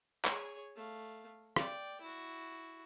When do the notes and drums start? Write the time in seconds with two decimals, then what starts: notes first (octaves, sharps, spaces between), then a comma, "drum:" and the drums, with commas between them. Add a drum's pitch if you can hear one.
0.25 G#4 C#5, drum: clap
0.76 A3 F5
1.56 D5 G5, drum: rim click
2.01 E4 F#4